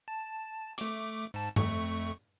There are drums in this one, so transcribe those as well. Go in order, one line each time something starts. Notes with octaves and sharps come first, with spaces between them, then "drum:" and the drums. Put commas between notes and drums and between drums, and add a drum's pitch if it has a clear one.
A5
A3 D6, drum: hi-hat
G#2 A5
F2 A3 C#6, drum: tom G2